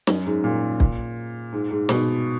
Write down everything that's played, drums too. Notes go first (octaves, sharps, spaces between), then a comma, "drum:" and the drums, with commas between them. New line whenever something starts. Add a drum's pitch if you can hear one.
F#2, drum: snare
G#2
A#2
drum: kick
G#2
G#2
B2, drum: snare